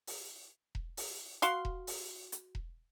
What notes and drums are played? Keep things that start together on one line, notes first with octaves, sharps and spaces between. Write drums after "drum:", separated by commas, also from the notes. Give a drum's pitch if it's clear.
drum: open hi-hat
drum: kick E1
drum: open hi-hat
F#4 F5 C6, drum: hi-hat
drum: kick E1
drum: open hi-hat
drum: hi-hat
drum: kick E1